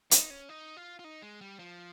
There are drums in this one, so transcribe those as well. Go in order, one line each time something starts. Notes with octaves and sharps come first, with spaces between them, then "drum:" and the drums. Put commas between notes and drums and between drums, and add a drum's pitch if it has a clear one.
D#4, drum: hi-hat
C#4
D#4
F4
F4
D#4
G#3
G3
F3